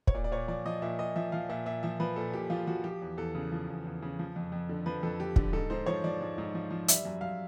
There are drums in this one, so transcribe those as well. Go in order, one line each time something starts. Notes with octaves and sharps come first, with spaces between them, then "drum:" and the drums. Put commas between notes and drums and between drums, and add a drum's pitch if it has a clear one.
C#5, drum: kick
A#2 D5
D5
A#2 C#5
F3 D5
F3 D#5
A#2 E5
A#2 D#5
F3 E5
F3 F5
A#2 E5
A#2 E5
F3 E5
F3 B4
A#2 A4
A#2 G4
F3 F4
F3 F#4
F3 G4
E2
E2 A4
C#3
F3
E2
E2
C#3
F3
F2
F2
D3
F3 B4
F2 A4
F2 G4
D3, drum: kick
G#2 A4
G#2 C5
F3 C#5
F3 D5
G#2
G#2
F3
F3
G3 E5, drum: hi-hat
F#2
F#2 F5